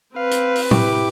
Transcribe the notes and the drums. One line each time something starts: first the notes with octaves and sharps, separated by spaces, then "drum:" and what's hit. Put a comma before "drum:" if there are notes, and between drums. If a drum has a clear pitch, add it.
C4 B4 F5
drum: hi-hat
drum: open hi-hat
E4 G4 D6, drum: tom A2